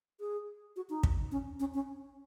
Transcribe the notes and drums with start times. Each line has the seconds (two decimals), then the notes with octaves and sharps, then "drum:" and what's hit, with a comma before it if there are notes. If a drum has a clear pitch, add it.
0.20 G#4
0.76 F#4
0.89 D#4
1.03 drum: kick
1.31 C#4
1.60 C#4
1.74 C#4